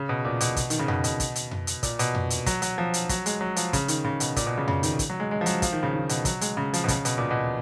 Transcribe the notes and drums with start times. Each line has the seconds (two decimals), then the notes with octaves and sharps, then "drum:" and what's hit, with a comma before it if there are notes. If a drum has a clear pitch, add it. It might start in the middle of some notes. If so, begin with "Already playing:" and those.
Already playing: C#3
0.09 B2
0.25 A#2
0.41 B2, drum: hi-hat
0.56 drum: kick, hi-hat
0.70 D#3, drum: hi-hat
0.79 C#3
0.88 B2, drum: tom F2
1.04 B2, drum: hi-hat
1.20 drum: kick, hi-hat
1.36 drum: hi-hat
1.51 drum: tom F2
1.67 drum: hi-hat
1.83 A#2, drum: kick, hi-hat
1.99 B2, drum: hi-hat
2.15 drum: tom F2
2.30 drum: hi-hat
2.46 F#3, drum: kick, hi-hat
2.62 F#3, drum: hi-hat
2.78 F3
2.94 drum: hi-hat
3.09 F#3, drum: kick, hi-hat
3.26 G#3, drum: hi-hat
3.41 F#3
3.56 F3, drum: hi-hat
3.73 C#3, drum: kick, hi-hat
3.88 D#3, drum: hi-hat
4.05 C#3
4.20 B2, drum: hi-hat
4.36 A#2, drum: kick, hi-hat
4.46 B2
4.57 C#3
4.68 C#3, drum: tom F2
4.83 D#3, drum: hi-hat
4.99 drum: kick, hi-hat
5.10 F#3
5.20 G#3
5.31 G#3
5.41 F3
5.46 F#3, drum: hi-hat
5.62 F3, drum: kick, hi-hat
5.73 D#3
5.83 C#3
5.94 D#3
6.09 B2, drum: hi-hat
6.25 F#3, drum: kick, hi-hat
6.41 G#3, drum: hi-hat
6.57 C#3
6.74 F3, drum: hi-hat
6.84 B2
6.88 C#3, drum: kick, hi-hat
7.05 B2, drum: hi-hat
7.18 A#2
7.31 B2